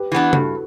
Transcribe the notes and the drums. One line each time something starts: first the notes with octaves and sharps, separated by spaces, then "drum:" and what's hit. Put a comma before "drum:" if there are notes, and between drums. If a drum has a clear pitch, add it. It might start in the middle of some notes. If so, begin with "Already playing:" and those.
Already playing: G4 B4
E3 B3 D4
G2 F#4 A4, drum: tom C#3